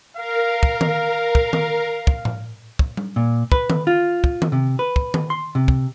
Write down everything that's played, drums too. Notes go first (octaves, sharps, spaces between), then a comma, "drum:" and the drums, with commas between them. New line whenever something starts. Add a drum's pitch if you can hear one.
A#4 F5
drum: kick
drum: tom D#3
drum: kick
drum: tom D#3
drum: kick
drum: tom A2
drum: kick
drum: tom G3
A#2
B4, drum: kick
drum: tom D#3
F4
drum: kick
drum: tom D#3
C3
B4
drum: kick
drum: tom D#3
C6
C3
drum: kick